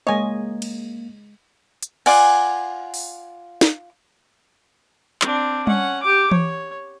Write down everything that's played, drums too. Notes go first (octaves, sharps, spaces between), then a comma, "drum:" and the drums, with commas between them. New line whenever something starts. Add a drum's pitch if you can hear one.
G#3 A#3 C#5 D#5 G#5
drum: cymbal
drum: hi-hat
F4 D5 F#5 G#5, drum: cymbal
drum: open hi-hat
drum: snare
C4 D4, drum: clap
C#4 F#5, drum: tom G3
G4 D6
C#5, drum: tom E3